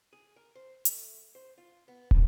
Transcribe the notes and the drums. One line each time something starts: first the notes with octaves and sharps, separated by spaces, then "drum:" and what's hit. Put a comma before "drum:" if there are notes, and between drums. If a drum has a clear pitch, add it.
G#4
A#4
C5
A3, drum: hi-hat
C5
F4
B3
B4, drum: kick